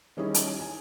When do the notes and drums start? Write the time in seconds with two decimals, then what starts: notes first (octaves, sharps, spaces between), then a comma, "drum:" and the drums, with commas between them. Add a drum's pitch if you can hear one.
0.17 D#3 G3 C#4 D#4 E4 G#4
0.34 drum: hi-hat
0.60 G#5